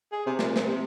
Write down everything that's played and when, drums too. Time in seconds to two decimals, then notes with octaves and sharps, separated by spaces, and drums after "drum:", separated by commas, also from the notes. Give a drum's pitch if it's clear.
0.12 G#4
0.26 C3
0.39 A#2, drum: snare
0.56 C3, drum: snare
0.68 C3